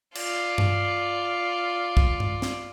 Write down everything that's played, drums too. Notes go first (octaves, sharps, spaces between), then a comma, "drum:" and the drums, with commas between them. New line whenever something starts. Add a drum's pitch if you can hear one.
F4 D5, drum: cymbal
drum: tom G2
drum: kick
drum: tom G2
drum: snare